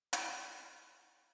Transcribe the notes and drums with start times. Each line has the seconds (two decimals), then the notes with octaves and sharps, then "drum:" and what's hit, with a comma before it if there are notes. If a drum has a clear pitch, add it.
0.13 A#4, drum: hi-hat